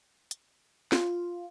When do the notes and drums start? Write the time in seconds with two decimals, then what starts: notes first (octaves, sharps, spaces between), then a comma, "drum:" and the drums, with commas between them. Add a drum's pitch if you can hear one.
0.31 drum: hi-hat
0.92 F4, drum: snare